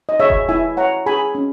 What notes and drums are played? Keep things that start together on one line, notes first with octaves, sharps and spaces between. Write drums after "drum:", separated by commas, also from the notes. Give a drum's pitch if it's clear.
D#5
G#4 C#5 E5
drum: kick E1
E4 E5 G#5
C#5 F#5 A#5
G#4 G#5 B5
C#4